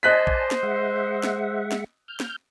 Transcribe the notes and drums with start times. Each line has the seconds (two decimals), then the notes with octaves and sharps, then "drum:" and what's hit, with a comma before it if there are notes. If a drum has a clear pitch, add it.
0.03 C5 D5 D#5 G#5 A5 F#6 B6
0.27 drum: kick A#1
0.51 drum: snare
0.63 G#3 E5 F#5
1.23 drum: snare
1.72 drum: snare
2.08 F6 G6
2.20 drum: snare